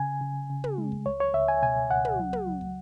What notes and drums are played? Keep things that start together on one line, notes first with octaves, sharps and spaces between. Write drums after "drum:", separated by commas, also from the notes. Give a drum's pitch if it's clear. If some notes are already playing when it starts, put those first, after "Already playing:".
Already playing: C#3 G#5
C#3
C#3
drum: tom
G#3
drum: kick
C#2 C#5
C#5
C#2 E5
G#5
B2 G#5
C#2 F#5
drum: tom
F#3
drum: tom
F#3
drum: kick